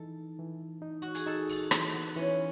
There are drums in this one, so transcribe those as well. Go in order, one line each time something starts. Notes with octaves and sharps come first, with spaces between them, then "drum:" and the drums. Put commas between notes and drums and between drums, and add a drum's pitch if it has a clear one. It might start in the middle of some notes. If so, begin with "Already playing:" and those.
Already playing: E3 D#4 A4
E3
D#4
F#4
G#4, drum: hi-hat
D#4 A4
A4, drum: open hi-hat
E3 A4, drum: rim click
B3
E3 C#4